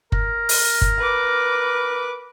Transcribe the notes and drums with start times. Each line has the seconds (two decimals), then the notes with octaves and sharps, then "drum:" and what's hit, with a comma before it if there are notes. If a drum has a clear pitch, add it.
0.12 A#4, drum: kick F#1
0.49 drum: open hi-hat
0.81 drum: kick F#1
0.98 B4 D6